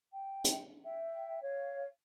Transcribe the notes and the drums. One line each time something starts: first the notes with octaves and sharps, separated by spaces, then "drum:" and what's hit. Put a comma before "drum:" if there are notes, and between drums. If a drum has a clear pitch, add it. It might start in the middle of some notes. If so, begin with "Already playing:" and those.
G5
drum: hi-hat
E5 G5
C#5 F5